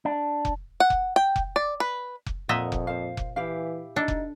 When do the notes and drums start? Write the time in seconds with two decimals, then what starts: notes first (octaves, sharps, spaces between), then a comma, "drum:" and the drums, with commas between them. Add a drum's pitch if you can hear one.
0.05 D4
0.45 drum: kick F1
0.80 F#5
0.90 drum: kick F1
1.16 G5
1.36 drum: kick F1
1.56 D5
1.80 B4
2.26 drum: kick F1
2.49 F2 A#2 D#5 E5 F#5 A#5
2.72 drum: kick F1
2.87 C5 F5
3.17 drum: kick F1
3.36 E3 E4 G4 F5
3.96 D4 D#4 A4
4.08 drum: kick F1